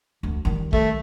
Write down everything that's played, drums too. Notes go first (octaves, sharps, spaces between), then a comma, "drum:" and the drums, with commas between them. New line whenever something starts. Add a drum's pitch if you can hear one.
D2
D#3 G3
A3, drum: kick